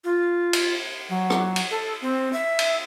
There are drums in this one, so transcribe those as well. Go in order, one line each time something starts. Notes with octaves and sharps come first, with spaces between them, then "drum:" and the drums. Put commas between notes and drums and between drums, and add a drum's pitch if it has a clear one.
F4
drum: cymbal
F#3
drum: rim click
drum: cymbal
A4
C4
E5
drum: cymbal